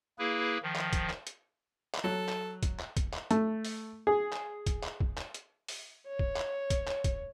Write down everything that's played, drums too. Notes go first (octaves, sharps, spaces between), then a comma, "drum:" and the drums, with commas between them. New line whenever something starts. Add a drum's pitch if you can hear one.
A#3 E4 G#4 B4
D#3 F3
drum: clap
drum: kick, hi-hat
drum: clap
drum: hi-hat
drum: clap
F#3 A4
drum: clap
drum: kick, hi-hat
drum: clap
drum: kick, hi-hat
drum: clap
A3, drum: hi-hat
drum: open hi-hat
G#4
drum: clap
drum: kick, hi-hat
drum: clap
drum: kick
drum: clap
drum: hi-hat
drum: open hi-hat
C#5
drum: kick
drum: clap
drum: kick, hi-hat
drum: clap
drum: kick, hi-hat